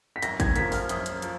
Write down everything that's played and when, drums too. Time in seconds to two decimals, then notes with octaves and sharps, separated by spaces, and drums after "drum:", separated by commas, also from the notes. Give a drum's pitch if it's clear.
0.16 B6
0.22 F#2 A#6, drum: hi-hat
0.40 G#6, drum: kick, hi-hat
0.56 F3 A#3 B6, drum: hi-hat
0.72 F6, drum: open hi-hat
0.89 F#2 D#6, drum: hi-hat
1.06 drum: hi-hat
1.22 F3, drum: hi-hat